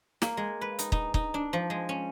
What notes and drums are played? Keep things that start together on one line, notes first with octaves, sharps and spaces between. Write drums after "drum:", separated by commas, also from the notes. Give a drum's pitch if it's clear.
A#3, drum: snare
G#3
B4
D#4, drum: hi-hat
D#4, drum: kick
D#4, drum: kick
D4
F3
G#3
C#4